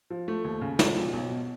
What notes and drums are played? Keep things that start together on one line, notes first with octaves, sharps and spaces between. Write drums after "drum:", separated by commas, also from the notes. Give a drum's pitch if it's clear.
F3
A3
D#2
C#3
F3, drum: snare
B1
B1
B2